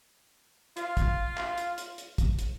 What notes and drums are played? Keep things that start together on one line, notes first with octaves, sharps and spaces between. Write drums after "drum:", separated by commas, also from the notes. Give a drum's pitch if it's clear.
F4 F5, drum: hi-hat
drum: kick, hi-hat
drum: clap
drum: hi-hat
drum: hi-hat
drum: hi-hat
drum: kick, hi-hat
drum: hi-hat